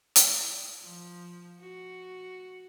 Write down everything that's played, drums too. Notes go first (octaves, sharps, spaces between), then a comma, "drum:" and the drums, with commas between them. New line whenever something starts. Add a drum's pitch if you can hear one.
drum: hi-hat
F3
F#4